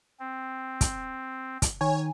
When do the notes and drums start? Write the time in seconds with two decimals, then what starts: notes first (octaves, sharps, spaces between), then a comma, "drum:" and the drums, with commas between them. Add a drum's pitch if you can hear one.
0.20 C4
0.81 drum: kick, hi-hat
1.62 drum: kick, hi-hat
1.81 D#3 C#5 G#5